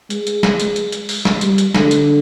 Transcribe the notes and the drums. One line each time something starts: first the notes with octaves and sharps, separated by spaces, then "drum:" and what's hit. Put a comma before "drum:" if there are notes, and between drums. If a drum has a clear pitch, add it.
G#3, drum: hi-hat
drum: hi-hat
drum: snare
drum: hi-hat
drum: hi-hat
drum: hi-hat
drum: open hi-hat
drum: snare
G3, drum: hi-hat
drum: hi-hat
D3, drum: snare
drum: hi-hat